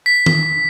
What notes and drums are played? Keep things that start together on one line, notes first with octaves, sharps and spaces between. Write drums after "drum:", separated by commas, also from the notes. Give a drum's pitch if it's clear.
B6
drum: tom D#3